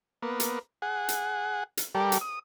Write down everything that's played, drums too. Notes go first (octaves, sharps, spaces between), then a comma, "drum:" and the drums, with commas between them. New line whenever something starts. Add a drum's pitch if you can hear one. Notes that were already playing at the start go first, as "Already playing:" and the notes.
A#3 B3
drum: hi-hat
G#4 F#5
drum: hi-hat
drum: hi-hat
G3 G4 A4 A#4 D5
drum: hi-hat
D#6